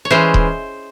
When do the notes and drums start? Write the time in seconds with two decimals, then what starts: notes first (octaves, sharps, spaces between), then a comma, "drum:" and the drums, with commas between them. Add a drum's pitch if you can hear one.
0.05 C#5
0.10 E3 G#3 C#4 C5
0.34 drum: kick D#1